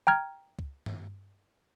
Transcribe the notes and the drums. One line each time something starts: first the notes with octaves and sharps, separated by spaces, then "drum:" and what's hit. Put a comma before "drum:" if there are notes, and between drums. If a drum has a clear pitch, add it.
G5 A#5 F6 G#6
drum: kick
drum: tom